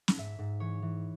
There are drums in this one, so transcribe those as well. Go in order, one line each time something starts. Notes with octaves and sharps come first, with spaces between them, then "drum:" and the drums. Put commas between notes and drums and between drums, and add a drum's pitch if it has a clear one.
drum: snare
G#2 E5
G#2
E3 C#5
E3